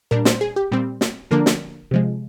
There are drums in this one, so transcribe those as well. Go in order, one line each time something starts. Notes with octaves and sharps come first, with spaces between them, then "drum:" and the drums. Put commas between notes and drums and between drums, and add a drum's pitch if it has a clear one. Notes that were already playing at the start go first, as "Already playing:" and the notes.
A#2 G3 D4 A#4
C5, drum: snare
G#4
G4
A#2 G3 C4
drum: snare
D3 F3 A#3 D4 A#4
drum: snare
C3 F3 G#3